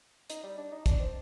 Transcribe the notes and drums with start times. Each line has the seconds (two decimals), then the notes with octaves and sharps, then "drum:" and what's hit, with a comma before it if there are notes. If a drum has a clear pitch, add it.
0.30 D#4, drum: hi-hat
0.43 G3
0.57 D4
0.72 D#4
0.86 D4, drum: kick, hi-hat
0.99 C4